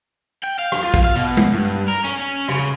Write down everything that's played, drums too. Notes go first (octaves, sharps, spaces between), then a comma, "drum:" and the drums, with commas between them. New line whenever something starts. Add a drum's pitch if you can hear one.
G5
F5
drum: rim click
F4
drum: kick, hi-hat
F5
B2, drum: hi-hat
drum: tom G#3
G2
A#4
C#4, drum: hi-hat
C#4
C#3, drum: rim click